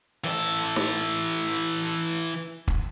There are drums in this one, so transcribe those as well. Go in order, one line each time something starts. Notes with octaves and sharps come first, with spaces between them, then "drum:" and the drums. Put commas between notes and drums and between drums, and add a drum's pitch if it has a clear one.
E3 A4, drum: open hi-hat
drum: snare
drum: kick